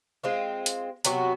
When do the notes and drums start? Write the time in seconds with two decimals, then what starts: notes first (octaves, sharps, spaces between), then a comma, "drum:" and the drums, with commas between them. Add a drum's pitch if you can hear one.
0.24 G#3 C4 F4
0.66 drum: hi-hat
1.05 C3 F#3 B3 F#4, drum: hi-hat